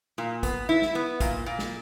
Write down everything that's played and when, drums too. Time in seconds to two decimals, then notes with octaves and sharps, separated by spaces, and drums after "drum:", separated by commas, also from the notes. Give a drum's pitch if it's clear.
0.18 A#2
0.43 B3, drum: kick, hi-hat
0.69 E4
0.82 drum: snare
0.95 B3
1.20 A#2, drum: kick, hi-hat
1.46 A#2
1.59 drum: snare